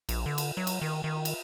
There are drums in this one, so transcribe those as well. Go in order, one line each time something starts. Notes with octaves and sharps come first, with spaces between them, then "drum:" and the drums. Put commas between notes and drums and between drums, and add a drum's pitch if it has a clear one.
A#1, drum: cymbal
D3
drum: cymbal
F#3
drum: cymbal
D#3
D#3
drum: cymbal